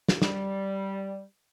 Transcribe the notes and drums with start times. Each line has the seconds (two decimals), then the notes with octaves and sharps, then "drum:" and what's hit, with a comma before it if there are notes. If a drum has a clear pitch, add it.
0.09 drum: snare
0.22 G3, drum: snare